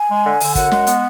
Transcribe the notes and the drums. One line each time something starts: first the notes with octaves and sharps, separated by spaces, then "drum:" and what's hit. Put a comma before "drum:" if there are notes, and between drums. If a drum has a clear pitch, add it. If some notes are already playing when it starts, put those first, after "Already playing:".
Already playing: G#5
G#3
D3
D3, drum: open hi-hat
F#2 F#5, drum: kick, hi-hat
G#3, drum: snare
B3, drum: hi-hat